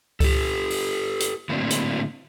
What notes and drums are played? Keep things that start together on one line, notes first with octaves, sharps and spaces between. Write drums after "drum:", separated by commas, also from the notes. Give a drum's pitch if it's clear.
G4 A4, drum: kick C#2, open hi-hat
drum: open hi-hat
drum: hi-hat
A2 D3 F#3 A#3 C4 D4
drum: hi-hat